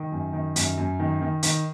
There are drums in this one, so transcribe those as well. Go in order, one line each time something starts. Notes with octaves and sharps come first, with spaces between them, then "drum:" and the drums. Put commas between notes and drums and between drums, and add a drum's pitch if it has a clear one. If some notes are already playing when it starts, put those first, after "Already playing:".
Already playing: D#3
F#2
D#3
F#2, drum: hi-hat
F#2
D#3
D#3
D#3, drum: hi-hat